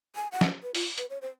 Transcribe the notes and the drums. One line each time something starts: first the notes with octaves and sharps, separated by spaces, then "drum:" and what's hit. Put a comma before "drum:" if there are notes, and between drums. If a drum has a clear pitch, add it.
G#5
F#5
drum: snare
B4
F4, drum: open hi-hat
B4, drum: hi-hat
C#5
C5